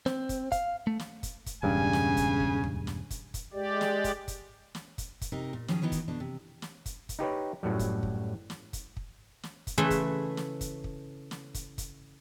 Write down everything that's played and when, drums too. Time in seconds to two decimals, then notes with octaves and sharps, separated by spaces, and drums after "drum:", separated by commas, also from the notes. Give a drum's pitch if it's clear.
0.06 C4, drum: snare
0.29 drum: kick, hi-hat
0.52 F5, drum: kick, hi-hat
0.87 A3
0.99 drum: snare
1.23 drum: kick, hi-hat
1.46 drum: kick, hi-hat
1.63 E1 G2 C#3 G#5
1.93 drum: snare
2.17 drum: kick, hi-hat
2.40 drum: kick
2.64 drum: tom D2
2.87 drum: snare
3.10 drum: kick, hi-hat
3.34 drum: kick, hi-hat
3.54 G#3 G4 D5
3.81 drum: snare
4.04 drum: kick, hi-hat
4.28 drum: kick, hi-hat
4.75 drum: snare
4.98 drum: kick, hi-hat
5.21 drum: kick, hi-hat
5.32 C3 D#4 A#4
5.53 A#2
5.68 D#3 F3 F#3 C#4 G#4, drum: snare
5.82 D#3 E3 B3 D#4 F#4
5.92 drum: kick, hi-hat
6.08 B2 D3 D4
6.20 C3
6.62 drum: snare
6.86 drum: kick, hi-hat
7.09 drum: kick, hi-hat
7.19 D#4 G4 B4 C#5
7.63 F#2 A2 F#3 G3
7.79 drum: kick, hi-hat
8.03 drum: kick
8.50 drum: snare
8.73 drum: kick, hi-hat
8.97 drum: kick
9.43 drum: snare
9.67 drum: kick, hi-hat
9.78 C#3 E3 A3 B4 E5 C6
9.90 drum: kick, hi-hat
10.37 drum: snare
10.61 drum: kick, hi-hat
10.84 drum: kick
11.31 drum: snare
11.54 drum: kick, hi-hat
11.78 drum: kick, hi-hat